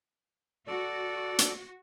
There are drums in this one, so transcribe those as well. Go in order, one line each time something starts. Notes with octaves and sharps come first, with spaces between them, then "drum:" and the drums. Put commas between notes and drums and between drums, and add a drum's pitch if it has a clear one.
F#4 A4 D5
drum: hi-hat